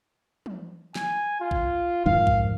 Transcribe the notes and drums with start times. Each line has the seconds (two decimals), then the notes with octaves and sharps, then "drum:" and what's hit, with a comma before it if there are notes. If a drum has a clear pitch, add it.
0.46 drum: tom
0.96 G#5, drum: snare
1.41 F4
1.51 drum: kick A#1
2.06 F2 G#2 D#3 F5
2.27 drum: kick A#1